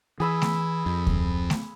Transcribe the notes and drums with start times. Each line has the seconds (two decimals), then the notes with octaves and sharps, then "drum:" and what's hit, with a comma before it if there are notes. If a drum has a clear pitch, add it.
0.20 E3 G#4 B5 E6
0.42 drum: snare A3
0.86 F2
1.07 drum: kick D2
1.50 drum: snare A3